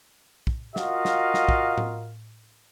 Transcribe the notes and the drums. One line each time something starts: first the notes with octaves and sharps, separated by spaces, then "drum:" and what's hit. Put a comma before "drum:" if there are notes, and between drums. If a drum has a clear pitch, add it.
drum: kick
F4 F#4 A#4 D#5 F5, drum: snare
drum: snare
drum: snare
drum: kick
drum: tom A2